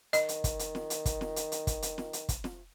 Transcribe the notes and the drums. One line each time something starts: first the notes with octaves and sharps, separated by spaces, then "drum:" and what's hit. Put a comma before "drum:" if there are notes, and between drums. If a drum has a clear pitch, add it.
D#3 D#5, drum: hi-hat
drum: hi-hat
drum: kick, hi-hat
drum: hi-hat
drum: snare
drum: hi-hat
drum: kick, hi-hat
drum: snare
drum: hi-hat
drum: hi-hat
drum: kick, hi-hat
drum: hi-hat
drum: snare
drum: hi-hat
drum: kick, hi-hat
drum: snare